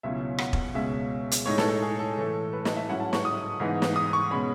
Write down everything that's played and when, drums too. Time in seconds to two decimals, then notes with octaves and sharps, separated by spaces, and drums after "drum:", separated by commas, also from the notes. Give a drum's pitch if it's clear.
0.03 C#2 B2 F#3 C#4 E4 E5
0.38 F#5, drum: rim click
0.53 drum: kick E1
0.74 C#2 B2 G#3 C#4 E5
1.31 drum: hi-hat
1.46 A2 G#3 D#4 C#5
1.58 A4, drum: snare
1.70 A4
1.82 G#4
1.99 A4
2.17 A2 E3 A3
2.53 B4
2.65 D#5, drum: snare
2.76 E5
2.89 G#2 F#3 C#4 E4 F#5
3.00 A5
3.13 C#6, drum: snare
3.25 D#6
3.60 G#2 E3 B3 D#4
3.82 drum: snare
3.96 D#6
4.13 C#6
4.31 B2 G#3 C#4 B5